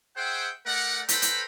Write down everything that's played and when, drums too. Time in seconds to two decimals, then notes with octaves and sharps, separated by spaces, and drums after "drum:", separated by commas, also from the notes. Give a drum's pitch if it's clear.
0.17 G#4 C5 E5 F#5 G5
0.66 A3 A#4 D5 F#5
1.09 A4 B4 C5 G5 A#5 B5, drum: hi-hat
1.22 drum: hi-hat